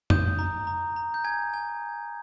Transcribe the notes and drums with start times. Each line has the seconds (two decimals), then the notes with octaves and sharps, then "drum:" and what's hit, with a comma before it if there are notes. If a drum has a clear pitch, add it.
0.10 D#6 G6, drum: tom F2
0.39 A#5
0.67 A#5
0.96 A#5
1.14 G6
1.24 G#5 G#6
1.54 G#5